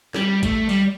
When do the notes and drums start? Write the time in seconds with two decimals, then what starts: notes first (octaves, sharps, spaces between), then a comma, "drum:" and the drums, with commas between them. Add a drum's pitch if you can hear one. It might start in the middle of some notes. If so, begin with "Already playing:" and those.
0.14 G3, drum: snare
0.43 A3, drum: kick, hi-hat
0.69 G3, drum: open hi-hat